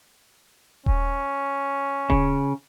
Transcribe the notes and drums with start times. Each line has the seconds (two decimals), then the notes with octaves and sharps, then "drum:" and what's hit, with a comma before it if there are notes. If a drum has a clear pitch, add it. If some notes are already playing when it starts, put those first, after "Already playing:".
0.86 C#4, drum: kick D#1
2.10 C#3, drum: kick D#1